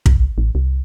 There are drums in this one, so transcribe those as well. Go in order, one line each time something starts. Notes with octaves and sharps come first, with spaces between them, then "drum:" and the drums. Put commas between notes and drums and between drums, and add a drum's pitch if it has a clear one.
C2, drum: kick
A1
C2